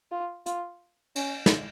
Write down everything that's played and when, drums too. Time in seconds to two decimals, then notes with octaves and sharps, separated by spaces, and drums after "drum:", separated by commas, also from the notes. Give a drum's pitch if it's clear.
0.11 F4
0.46 F4, drum: hi-hat
1.16 C#4, drum: cymbal
1.46 drum: snare